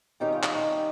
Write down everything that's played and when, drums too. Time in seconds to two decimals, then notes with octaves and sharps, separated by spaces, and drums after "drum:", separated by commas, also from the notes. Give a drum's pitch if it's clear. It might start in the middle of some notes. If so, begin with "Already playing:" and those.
0.20 C3 D#3 G3 C#4 D#4 G4
0.32 F4
0.43 F4, drum: clap
0.55 D#4 G4